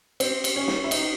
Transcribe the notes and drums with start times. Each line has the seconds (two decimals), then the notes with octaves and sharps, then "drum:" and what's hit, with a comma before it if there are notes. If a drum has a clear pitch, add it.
0.20 C4, drum: cymbal
0.44 drum: cymbal
0.56 C#4
0.68 drum: snare
0.84 E4
0.91 D#4, drum: cymbal